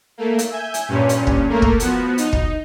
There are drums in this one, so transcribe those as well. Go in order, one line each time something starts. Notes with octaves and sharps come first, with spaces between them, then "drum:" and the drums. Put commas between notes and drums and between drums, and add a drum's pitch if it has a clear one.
A3 A#3
drum: hi-hat
E5 G#5 G6
drum: hi-hat
G2 A#2 C#4
drum: hi-hat
drum: kick
A3 A#3 A#4
drum: kick
F3 B3 F#4, drum: hi-hat
D#4, drum: hi-hat
drum: kick